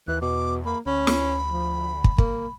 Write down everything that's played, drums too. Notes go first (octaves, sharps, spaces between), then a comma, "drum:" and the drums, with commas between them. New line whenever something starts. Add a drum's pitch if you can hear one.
D#2 E3 F#6
E2 B2 D6
A#3 B5
D2 C#4 B5
drum: snare
F3
drum: kick
A#3, drum: kick